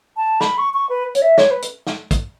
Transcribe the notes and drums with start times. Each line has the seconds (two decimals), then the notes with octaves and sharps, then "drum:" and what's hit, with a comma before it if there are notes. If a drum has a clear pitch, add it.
0.17 A5
0.41 B5, drum: snare
0.58 C#6
0.74 C#6
0.89 B4
1.15 C#5, drum: hi-hat
1.22 E5
1.38 C#5, drum: snare
1.51 B4
1.62 drum: hi-hat
1.87 drum: snare
2.11 drum: kick, hi-hat